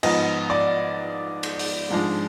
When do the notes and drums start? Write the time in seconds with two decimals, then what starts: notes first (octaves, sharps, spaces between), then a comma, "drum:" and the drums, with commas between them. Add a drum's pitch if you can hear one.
0.03 G#2 F3 B3 D#5, drum: cymbal
0.50 D5
1.43 drum: cymbal
1.59 drum: open hi-hat
1.90 G#2 F3 G#3 D4